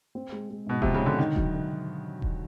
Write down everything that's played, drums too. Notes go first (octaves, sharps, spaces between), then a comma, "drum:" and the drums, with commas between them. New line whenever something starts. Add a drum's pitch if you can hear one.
C4
G#3
G#3
G#2 B2
C3 F3, drum: kick D#1
C#3
D3 C4
D3 D#3
F#3, drum: kick D#1
D3
drum: kick D#1